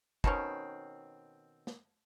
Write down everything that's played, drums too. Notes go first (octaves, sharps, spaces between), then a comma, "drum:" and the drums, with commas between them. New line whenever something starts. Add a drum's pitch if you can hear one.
B2 D#3 C4 C#4, drum: kick
drum: snare